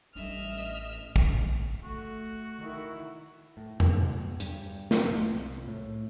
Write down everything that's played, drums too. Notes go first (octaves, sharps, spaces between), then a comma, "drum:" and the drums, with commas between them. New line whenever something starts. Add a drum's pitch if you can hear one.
A1 G3 D4 D#5 E5 F6
drum: kick
A3 F#4
D#3 E4
A2
B2, drum: tom E2
G2, drum: hi-hat
F3, drum: snare
D#1
C2
A2